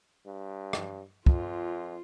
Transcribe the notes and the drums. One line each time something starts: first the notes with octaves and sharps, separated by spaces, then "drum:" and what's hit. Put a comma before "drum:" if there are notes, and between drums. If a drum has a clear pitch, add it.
G2
drum: rim click
F2 F4, drum: kick